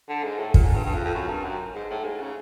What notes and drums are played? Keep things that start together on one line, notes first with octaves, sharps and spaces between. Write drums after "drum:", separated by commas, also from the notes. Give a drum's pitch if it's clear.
D3
G#2
A2
A#2, drum: kick
G#2
G2
G2
F2
F2
F#2
G2
F#2
G#2
A2
G#2
C#3